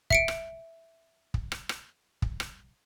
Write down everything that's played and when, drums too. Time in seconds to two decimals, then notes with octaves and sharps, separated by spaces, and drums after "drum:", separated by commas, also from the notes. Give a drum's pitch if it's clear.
0.10 E5 C#7 D7, drum: kick
0.28 drum: rim click
1.34 drum: kick
1.52 drum: rim click
1.69 drum: rim click
2.22 drum: kick
2.40 drum: rim click